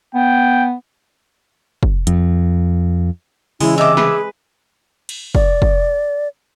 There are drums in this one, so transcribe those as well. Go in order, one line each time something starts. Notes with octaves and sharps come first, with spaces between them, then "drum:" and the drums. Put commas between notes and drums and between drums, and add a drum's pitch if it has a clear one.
B3 G5
drum: kick
F2, drum: hi-hat
C#3 E3 G#3 C#4 E4, drum: open hi-hat
C3 D#5 E5 D6
G#4 B4, drum: snare
drum: cymbal
D5, drum: kick
drum: kick